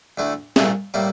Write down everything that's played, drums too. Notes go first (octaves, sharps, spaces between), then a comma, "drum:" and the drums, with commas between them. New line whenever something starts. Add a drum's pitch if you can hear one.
D2 D3 A3 E4
C2 A#2 A3 E4, drum: snare
A2 G3 A#3 E4